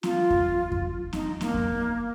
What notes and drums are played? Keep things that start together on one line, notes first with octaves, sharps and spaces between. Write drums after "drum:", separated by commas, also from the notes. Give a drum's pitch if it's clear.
F4, drum: snare
drum: kick F2
drum: kick F2
D#4, drum: snare
A#3, drum: snare
drum: kick F2